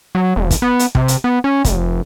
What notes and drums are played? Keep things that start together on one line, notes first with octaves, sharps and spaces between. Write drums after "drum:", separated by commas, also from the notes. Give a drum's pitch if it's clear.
F#3
E1
drum: kick, hi-hat
B3
drum: hi-hat
C3, drum: kick
drum: hi-hat
B3
C#4
F1, drum: kick, hi-hat